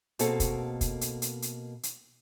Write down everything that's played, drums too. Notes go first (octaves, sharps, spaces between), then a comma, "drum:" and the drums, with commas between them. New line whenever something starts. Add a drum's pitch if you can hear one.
B2 A#3 C4 F#4 G#4 A4, drum: hi-hat
drum: kick, hi-hat
drum: kick, hi-hat
drum: hi-hat
drum: hi-hat
drum: hi-hat
drum: hi-hat